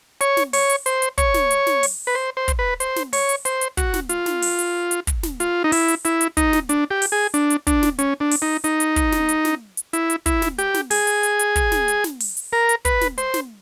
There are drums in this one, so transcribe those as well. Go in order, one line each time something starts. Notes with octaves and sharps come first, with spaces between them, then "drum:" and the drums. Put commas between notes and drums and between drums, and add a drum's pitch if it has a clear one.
C#5, drum: hi-hat
drum: snare
C#5, drum: open hi-hat
drum: hi-hat
C5, drum: hi-hat
drum: hi-hat
C#5, drum: kick, hi-hat
drum: snare
drum: hi-hat
drum: snare
drum: open hi-hat
B4
C5
C5
drum: kick, hi-hat
B4
C5, drum: hi-hat
drum: snare
C#5, drum: open hi-hat
drum: hi-hat
C5, drum: hi-hat
drum: hi-hat
F#4, drum: kick, hi-hat
drum: snare
F4, drum: hi-hat
drum: snare
drum: open hi-hat
drum: hi-hat
drum: hi-hat
drum: kick, hi-hat
drum: snare
F4, drum: hi-hat
D#4
E4, drum: open hi-hat
drum: hi-hat
E4, drum: hi-hat
drum: hi-hat
D#4, drum: kick, hi-hat
drum: snare
D4, drum: hi-hat
G4
drum: open hi-hat
G#4
D4, drum: hi-hat
drum: hi-hat
D4, drum: kick, hi-hat
drum: snare
C#4, drum: hi-hat
D4
drum: open hi-hat
D#4
D#4, drum: hi-hat
drum: hi-hat
drum: kick, hi-hat
drum: snare
drum: hi-hat
drum: snare
drum: hi-hat
E4, drum: hi-hat
drum: hi-hat
E4, drum: kick, hi-hat
drum: snare
G4, drum: hi-hat
drum: snare
G#4, drum: open hi-hat
drum: hi-hat
drum: hi-hat
drum: hi-hat
drum: kick, hi-hat
drum: snare
drum: hi-hat
drum: snare
drum: open hi-hat
drum: hi-hat
A#4
drum: hi-hat
B4, drum: kick, hi-hat
drum: snare
C5, drum: hi-hat
drum: snare